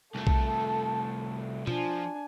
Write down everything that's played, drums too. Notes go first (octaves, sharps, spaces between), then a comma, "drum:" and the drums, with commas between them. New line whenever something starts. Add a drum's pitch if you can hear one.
C2 A3 A4 A5
drum: kick B1
F3 D4 G#5, drum: tom B2